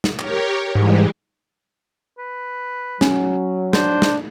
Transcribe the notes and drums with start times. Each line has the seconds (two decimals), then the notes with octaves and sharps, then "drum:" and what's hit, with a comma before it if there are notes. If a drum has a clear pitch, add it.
0.04 drum: snare
0.19 G4 A#4 C#5, drum: clap
0.75 G#2 E3 G3 G#3
2.19 B4
3.01 F#3 C#4, drum: snare
3.73 D4 C5, drum: snare
4.02 drum: snare